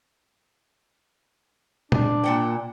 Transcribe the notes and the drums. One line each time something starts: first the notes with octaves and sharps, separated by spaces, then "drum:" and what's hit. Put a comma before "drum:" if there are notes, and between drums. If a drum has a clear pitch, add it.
D4, drum: tom A#2
A#2 F#5 G5